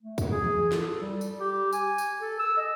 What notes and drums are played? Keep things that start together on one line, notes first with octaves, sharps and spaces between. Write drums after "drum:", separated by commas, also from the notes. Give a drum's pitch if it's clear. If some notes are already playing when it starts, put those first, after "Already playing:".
A3
drum: kick, tambourine
G#4
drum: tom E3
A4, drum: snare
G3
drum: tambourine
G4
G#5, drum: tambourine
drum: tambourine
A4
E6
D#5